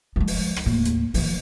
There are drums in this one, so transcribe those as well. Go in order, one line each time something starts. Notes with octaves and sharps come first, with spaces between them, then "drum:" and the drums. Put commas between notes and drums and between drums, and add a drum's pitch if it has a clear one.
F3 G#3
drum: open hi-hat
drum: rim click
D#2 A2
drum: hi-hat
D#3 F3, drum: open hi-hat